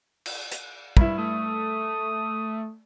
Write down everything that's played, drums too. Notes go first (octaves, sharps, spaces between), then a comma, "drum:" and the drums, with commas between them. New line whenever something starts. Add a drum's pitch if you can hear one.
drum: cymbal
drum: hi-hat
G2 E4, drum: kick
A3 D#6